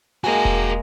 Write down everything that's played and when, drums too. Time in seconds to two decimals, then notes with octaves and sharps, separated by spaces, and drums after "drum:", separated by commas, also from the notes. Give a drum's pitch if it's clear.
0.24 G#3 A#3 F#4 G#4 G#5
0.45 drum: kick E1